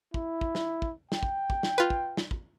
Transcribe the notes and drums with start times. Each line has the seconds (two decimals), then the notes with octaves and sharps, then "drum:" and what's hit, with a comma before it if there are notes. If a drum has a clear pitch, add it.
0.14 E4, drum: kick
0.41 drum: kick
0.55 drum: snare
0.82 drum: kick
1.12 G5, drum: snare
1.23 drum: kick
1.50 drum: kick
1.63 drum: snare
1.78 F4 B4
1.90 drum: kick
2.17 drum: snare
2.31 drum: kick